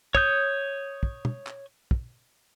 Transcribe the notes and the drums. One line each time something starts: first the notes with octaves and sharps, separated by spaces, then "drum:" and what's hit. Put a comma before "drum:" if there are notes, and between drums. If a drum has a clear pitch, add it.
C#5 D#6 G6, drum: kick
drum: kick
drum: tom
drum: clap
drum: kick